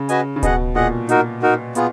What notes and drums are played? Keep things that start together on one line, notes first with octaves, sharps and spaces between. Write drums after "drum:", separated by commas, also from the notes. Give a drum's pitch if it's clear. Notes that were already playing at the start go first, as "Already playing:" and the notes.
Already playing: C#3
F#4 B4 D#5 G#5, drum: hi-hat
C#3
B2 G#4 D#5 F#5, drum: kick D1, hi-hat
A#2 G#4 D#5 F#5
D#4 F#4 A#4, drum: hi-hat
D#4 F#4 A#4
B3 F4 G#4, drum: hi-hat